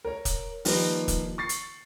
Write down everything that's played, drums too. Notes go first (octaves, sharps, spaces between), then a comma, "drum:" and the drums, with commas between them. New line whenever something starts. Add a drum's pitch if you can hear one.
A#4 C#5
drum: kick, hi-hat
D#3 F3 G3 A#3 G4 B4, drum: open hi-hat
drum: kick, hi-hat
C#6 A6 C7
drum: hi-hat